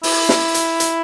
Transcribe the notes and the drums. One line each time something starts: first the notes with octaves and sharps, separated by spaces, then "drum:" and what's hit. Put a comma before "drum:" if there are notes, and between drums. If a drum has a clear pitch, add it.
E4, drum: open hi-hat
drum: snare
drum: hi-hat
drum: hi-hat